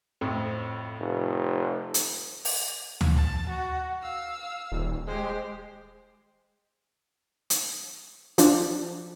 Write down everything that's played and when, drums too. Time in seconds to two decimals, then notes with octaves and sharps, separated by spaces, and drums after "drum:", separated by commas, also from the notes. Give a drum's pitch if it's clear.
0.21 F2 A2 C4
1.00 F1
1.94 drum: hi-hat
2.45 drum: open hi-hat
3.01 drum: tom D2
3.16 A5
3.49 F#4
4.01 F5 E6
4.72 D#1
5.08 G#3 G4 C5
7.50 drum: hi-hat
8.38 F3 D4, drum: hi-hat